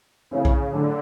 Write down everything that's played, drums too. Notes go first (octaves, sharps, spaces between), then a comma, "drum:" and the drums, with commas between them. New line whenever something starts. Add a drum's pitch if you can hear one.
C#3 E3 A3 C4 E4
drum: kick
A2 D3 F#3 A3 D4